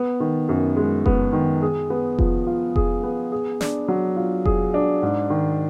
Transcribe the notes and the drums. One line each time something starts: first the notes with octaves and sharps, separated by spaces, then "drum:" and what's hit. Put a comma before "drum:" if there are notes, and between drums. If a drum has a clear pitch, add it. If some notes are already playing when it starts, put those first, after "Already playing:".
Already playing: B3
D#3
F#2
G#3
B3, drum: kick F1
D#3
G#4
B3
F3, drum: kick F1
F4
G#4, drum: kick F1
B3
G#4
D4, drum: snare
F#3
F4
G#4, drum: kick F1
D4
G#2
D#3